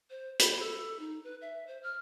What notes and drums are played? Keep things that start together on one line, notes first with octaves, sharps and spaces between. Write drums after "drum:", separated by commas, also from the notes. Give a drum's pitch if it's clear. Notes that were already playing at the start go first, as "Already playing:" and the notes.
C5
B5, drum: hi-hat
A4
D#4
B4
E5
C5
F6